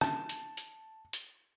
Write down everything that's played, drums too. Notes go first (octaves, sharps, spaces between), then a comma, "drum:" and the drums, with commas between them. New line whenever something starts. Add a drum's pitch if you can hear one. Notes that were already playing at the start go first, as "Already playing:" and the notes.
A5, drum: rim click
drum: hi-hat
drum: hi-hat
drum: hi-hat